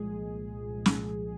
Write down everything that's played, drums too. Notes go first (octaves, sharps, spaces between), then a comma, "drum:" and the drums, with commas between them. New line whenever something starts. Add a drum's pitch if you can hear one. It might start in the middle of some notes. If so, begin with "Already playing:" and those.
Already playing: C2 A#2 F3 G#3 G#4
C2 A#2 F3 G#3
drum: snare